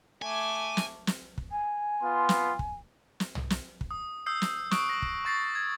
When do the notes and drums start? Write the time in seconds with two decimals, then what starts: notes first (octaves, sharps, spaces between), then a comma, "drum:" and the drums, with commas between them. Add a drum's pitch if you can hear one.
0.22 A3 G#5 D6
0.77 drum: snare
1.07 drum: snare
1.38 drum: kick
1.51 G#5
2.03 B3 F4 C6
2.29 drum: snare
2.59 drum: kick
3.20 drum: snare
3.35 drum: tom
3.50 drum: snare
3.81 drum: kick
3.91 D#6
4.26 D#6 E6 G6 C7
4.42 drum: snare
4.71 C#6 D#6 F#6 D7, drum: snare
4.89 A#6 F#7
5.02 drum: kick
5.25 C#6 G6 A6 A#6 C7
5.55 G#6